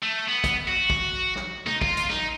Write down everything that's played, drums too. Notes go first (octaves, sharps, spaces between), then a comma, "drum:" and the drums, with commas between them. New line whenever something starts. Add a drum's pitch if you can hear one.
A3
B3
drum: kick, hi-hat
F#4
drum: kick
drum: snare
D#4, drum: tom
F4, drum: kick
drum: hi-hat
D#4, drum: snare